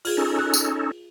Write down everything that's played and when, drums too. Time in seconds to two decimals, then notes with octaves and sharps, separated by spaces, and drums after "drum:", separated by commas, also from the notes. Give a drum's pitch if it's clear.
0.05 F4 G#4, drum: open hi-hat
0.17 C#4 D#4 A4
0.39 F#6
0.54 drum: tambourine